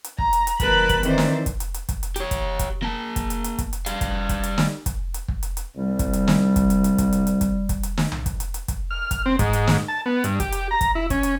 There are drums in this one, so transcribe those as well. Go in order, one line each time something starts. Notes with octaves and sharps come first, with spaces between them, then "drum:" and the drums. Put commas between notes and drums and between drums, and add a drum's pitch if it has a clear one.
drum: hi-hat
A#5, drum: kick
drum: hi-hat
drum: hi-hat
D#2 F#3 A#4 B4 A5 B5, drum: kick, hi-hat
drum: kick, hi-hat
D#3 E3 C4 C5 D5, drum: hi-hat
drum: snare
drum: kick, hi-hat
drum: hi-hat
drum: hi-hat
drum: kick, hi-hat
drum: hi-hat
G4 C#5, drum: hi-hat
drum: kick, hi-hat
drum: kick, hi-hat
A#3 A5
drum: kick, hi-hat
drum: hi-hat
drum: hi-hat
drum: kick, hi-hat
drum: hi-hat
G3 F5, drum: hi-hat
drum: kick, hi-hat
drum: kick, hi-hat
drum: hi-hat
drum: snare
drum: kick, hi-hat
drum: hi-hat
drum: kick
drum: hi-hat
drum: hi-hat
C2 G3
drum: kick, hi-hat
drum: hi-hat
drum: snare
drum: kick, hi-hat
drum: hi-hat
drum: hi-hat
drum: kick, hi-hat
drum: hi-hat
drum: hi-hat
drum: kick, hi-hat
drum: kick, hi-hat
drum: hi-hat
drum: snare
drum: tom C2
drum: kick, hi-hat
drum: hi-hat
drum: hi-hat
drum: kick, hi-hat
F6
drum: kick, hi-hat
C4
G#2, drum: kick, hi-hat
drum: hi-hat
drum: snare
A5
B3
G2, drum: hi-hat
G4, drum: kick, hi-hat
drum: hi-hat
A#5
drum: kick, hi-hat
E4
C#4, drum: kick, hi-hat
drum: hi-hat